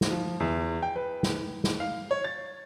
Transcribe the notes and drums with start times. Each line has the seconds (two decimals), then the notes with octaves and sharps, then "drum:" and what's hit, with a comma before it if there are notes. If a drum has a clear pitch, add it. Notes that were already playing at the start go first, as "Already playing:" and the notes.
0.01 drum: snare
0.11 F3
0.40 E2
0.83 G5
0.96 B4
1.23 drum: snare
1.64 drum: snare
1.80 F5
2.11 C#5
2.24 A6